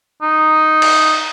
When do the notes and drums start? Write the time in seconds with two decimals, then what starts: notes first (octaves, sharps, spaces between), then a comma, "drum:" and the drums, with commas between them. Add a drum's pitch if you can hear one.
0.22 D#4
0.82 drum: cymbal